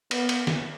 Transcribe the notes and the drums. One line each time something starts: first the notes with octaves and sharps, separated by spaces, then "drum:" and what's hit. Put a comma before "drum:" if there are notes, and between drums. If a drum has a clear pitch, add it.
B3, drum: cymbal
drum: cymbal
drum: snare